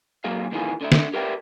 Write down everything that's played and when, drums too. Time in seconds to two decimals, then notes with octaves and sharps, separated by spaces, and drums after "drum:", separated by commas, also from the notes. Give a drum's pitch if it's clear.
0.24 A#2 F#3 A#3 G#4 F5
0.52 A#2 D#3 E3 A#3 F4 G#4
0.81 D3 D4 E5
0.92 drum: snare
1.14 G4 A#4 B4 D5 E5 G5